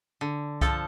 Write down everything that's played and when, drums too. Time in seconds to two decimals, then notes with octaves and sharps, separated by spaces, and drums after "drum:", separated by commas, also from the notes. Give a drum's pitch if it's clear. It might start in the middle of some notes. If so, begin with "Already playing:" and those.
0.21 D3
0.61 F3 A4, drum: kick C2, hi-hat